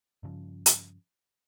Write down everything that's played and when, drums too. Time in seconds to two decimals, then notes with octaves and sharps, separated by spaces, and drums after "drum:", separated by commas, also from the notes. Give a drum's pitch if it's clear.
0.23 G2 C#3 F3
0.66 drum: hi-hat